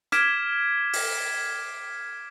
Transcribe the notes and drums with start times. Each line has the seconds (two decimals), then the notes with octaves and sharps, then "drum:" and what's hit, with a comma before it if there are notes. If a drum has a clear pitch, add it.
0.12 D6 F6 G#6 B6 D7 E7, drum: hi-hat
0.93 drum: open hi-hat